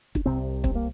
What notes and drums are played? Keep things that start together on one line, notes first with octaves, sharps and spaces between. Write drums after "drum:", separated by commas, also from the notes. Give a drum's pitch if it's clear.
D4, drum: kick
C2 C3 C4
C4, drum: kick
A#3